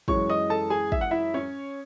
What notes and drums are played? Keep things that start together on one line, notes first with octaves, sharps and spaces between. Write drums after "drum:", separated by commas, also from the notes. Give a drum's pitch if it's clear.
F#2 E3 G#3 C#4 C#5 C#6, drum: kick
D#5 D#6
A4 A5
G#4 G#5
E5, drum: kick
F#5
E4 E5
C#4 C#5